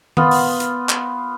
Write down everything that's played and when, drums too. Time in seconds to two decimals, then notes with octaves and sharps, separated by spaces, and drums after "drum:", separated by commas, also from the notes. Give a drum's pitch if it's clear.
0.17 B3 F4, drum: tom D#3
0.31 drum: open hi-hat
0.60 drum: hi-hat
0.89 drum: clap